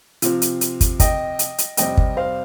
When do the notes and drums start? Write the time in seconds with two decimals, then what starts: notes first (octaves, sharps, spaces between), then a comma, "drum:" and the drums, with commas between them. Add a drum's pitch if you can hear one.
0.22 C3 F3 C4 F4, drum: hi-hat
0.42 drum: hi-hat
0.61 drum: hi-hat
0.81 drum: kick, hi-hat
1.00 D#5 G5, drum: kick, hi-hat
1.39 drum: hi-hat
1.58 drum: hi-hat
1.77 F2 C3 G3 C4 D#5 G5, drum: hi-hat
1.97 drum: kick
2.17 C5 F5